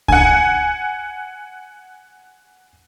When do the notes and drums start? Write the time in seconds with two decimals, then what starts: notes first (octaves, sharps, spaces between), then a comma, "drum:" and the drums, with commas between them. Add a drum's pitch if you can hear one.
0.08 F#5 G#5, drum: kick C#2